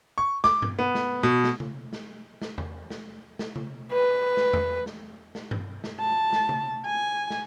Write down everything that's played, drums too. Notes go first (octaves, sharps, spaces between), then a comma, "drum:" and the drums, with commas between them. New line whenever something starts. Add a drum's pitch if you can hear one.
C#6
D6, drum: snare
drum: tom G2
B3
drum: snare
B2
drum: snare
drum: tom C#3
drum: snare
drum: snare
drum: tom E2
drum: snare
drum: snare
drum: tom C#3
B4
drum: snare
drum: tom E2
drum: snare
drum: snare
drum: tom G2
drum: snare
A5
drum: snare
drum: tom C#3
G#5
drum: snare